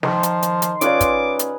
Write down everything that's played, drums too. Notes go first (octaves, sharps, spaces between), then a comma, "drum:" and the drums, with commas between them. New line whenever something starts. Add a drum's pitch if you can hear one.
D#3 F3 C6, drum: snare
drum: hi-hat
drum: hi-hat
drum: hi-hat
C#4 F4 G#4 B4 C#5 D5 D6, drum: hi-hat
drum: kick, hi-hat
drum: hi-hat